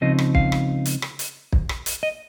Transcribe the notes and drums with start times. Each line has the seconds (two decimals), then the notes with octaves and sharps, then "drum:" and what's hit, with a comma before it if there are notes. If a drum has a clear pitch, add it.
0.01 C#2 C#3 F3 C4 D#4 D#5
0.18 drum: rim click
0.35 F5, drum: kick
0.52 drum: rim click
0.86 drum: hi-hat
1.02 drum: rim click
1.19 drum: hi-hat
1.53 drum: kick
1.69 drum: rim click
1.86 drum: hi-hat
2.03 D#5